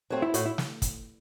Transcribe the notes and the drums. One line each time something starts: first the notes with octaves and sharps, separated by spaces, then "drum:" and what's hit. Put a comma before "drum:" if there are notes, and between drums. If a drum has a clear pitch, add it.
F#3 A3 C4
E4
A2 F#4, drum: hi-hat
E4
drum: snare
drum: kick, hi-hat